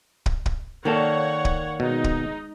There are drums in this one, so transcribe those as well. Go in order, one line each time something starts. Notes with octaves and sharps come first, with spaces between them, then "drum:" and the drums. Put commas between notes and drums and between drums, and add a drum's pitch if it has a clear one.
drum: kick
drum: kick
D#3 A#3 A4 C#5 D5 F#5
drum: kick
B2 G#3 D#4
drum: kick